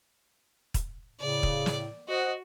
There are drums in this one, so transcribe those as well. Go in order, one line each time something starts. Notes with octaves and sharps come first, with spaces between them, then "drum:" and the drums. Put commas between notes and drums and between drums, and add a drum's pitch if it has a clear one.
drum: kick, hi-hat
A2 C#3 D5
drum: kick
drum: snare
F#4 C5 D#5 F#5